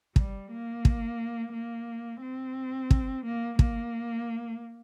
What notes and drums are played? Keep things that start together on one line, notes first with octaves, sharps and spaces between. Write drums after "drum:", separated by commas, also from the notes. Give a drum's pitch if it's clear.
G3, drum: kick
A#3
drum: kick
A#3
C4
drum: kick
A#3
A#3, drum: kick